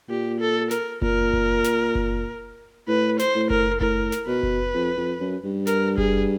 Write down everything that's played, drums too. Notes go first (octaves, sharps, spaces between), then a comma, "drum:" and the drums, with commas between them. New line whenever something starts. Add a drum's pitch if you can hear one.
A#2 G4
A4
A#4, drum: snare
A#2 A#4, drum: kick F#1
drum: kick F#1
drum: snare
drum: kick F#1
A2 B4
C5, drum: snare
A2
A#4, drum: kick F#1
A2 A#4, drum: kick F#1
drum: snare
B2 B4
drum: kick F#1
F2
F2
F#2
G2
A#4, drum: snare
G#4, drum: kick F#1